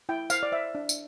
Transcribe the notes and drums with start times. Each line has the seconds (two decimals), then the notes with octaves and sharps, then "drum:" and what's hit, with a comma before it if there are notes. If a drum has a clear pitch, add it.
0.09 E4 G5
0.30 C5 F5, drum: tambourine
0.43 D5
0.52 C5 E5
0.75 D4
0.89 drum: tambourine